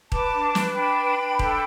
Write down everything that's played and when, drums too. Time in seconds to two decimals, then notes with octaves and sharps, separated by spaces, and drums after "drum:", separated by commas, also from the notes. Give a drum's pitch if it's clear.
0.12 B4 A5 D6, drum: kick D#1
0.33 D4
0.55 B4, drum: snare
0.75 D4 G5 B5
0.97 B4
1.18 D4
1.39 A4, drum: kick D#1